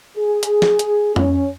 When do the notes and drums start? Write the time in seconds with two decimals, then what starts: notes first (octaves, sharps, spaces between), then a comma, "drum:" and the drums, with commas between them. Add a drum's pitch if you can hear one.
0.17 G#4
0.43 drum: hi-hat
0.62 drum: snare
0.79 drum: hi-hat
1.16 C#4, drum: tom F2